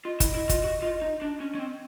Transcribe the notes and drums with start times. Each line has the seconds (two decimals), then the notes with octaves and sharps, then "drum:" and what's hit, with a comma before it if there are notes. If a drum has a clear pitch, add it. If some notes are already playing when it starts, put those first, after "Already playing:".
0.05 F4 D#5
0.20 E4, drum: kick, hi-hat
0.35 E4
0.49 F4, drum: kick, hi-hat
0.64 F#4
0.82 F4
1.02 D#4
1.22 D4
1.40 C#4
1.55 C#4
1.59 C4